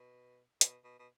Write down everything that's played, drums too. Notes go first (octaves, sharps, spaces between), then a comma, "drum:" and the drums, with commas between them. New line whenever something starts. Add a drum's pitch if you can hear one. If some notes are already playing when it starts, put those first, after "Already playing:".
Already playing: B2
B2, drum: hi-hat
B2
B2